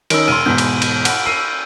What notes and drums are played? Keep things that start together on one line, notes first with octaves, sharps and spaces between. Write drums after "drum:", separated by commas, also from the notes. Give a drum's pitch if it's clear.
D#3 C#4 D#4 E6 D7, drum: cymbal
E1 C6 F6 D#7
E2 G#2 B2 G6
drum: cymbal
drum: cymbal
F#5, drum: cymbal
E6 C7 D#7